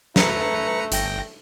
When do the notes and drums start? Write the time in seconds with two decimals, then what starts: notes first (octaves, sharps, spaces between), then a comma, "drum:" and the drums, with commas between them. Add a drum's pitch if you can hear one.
0.16 A3 B4 A#5 C#7, drum: snare
0.92 G1 G5 A#6, drum: hi-hat